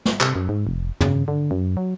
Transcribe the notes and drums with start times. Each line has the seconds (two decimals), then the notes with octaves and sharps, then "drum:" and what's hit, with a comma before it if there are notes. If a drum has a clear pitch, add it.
0.05 drum: snare
0.21 C3, drum: clap
0.35 F#2
0.49 G#2
0.67 F1
1.01 C#3, drum: tom
1.28 D3
1.51 F#2
1.77 F#3